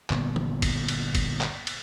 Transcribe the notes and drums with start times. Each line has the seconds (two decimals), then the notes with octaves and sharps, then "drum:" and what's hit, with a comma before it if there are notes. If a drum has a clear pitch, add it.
0.10 G1 A#2 B3, drum: clap
0.36 drum: tom E3
0.62 drum: kick, cymbal
0.88 drum: cymbal
1.15 drum: kick, cymbal
1.41 drum: clap
1.67 drum: cymbal